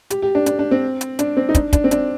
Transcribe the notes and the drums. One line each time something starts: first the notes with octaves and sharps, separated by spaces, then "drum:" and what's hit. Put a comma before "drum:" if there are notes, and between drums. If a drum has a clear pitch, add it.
G4, drum: hi-hat
G4
D4
D4, drum: hi-hat
D4
C4
drum: hi-hat
D4, drum: hi-hat
C4
D#4
D4, drum: kick, hi-hat
D4, drum: kick, hi-hat
C4
D4, drum: hi-hat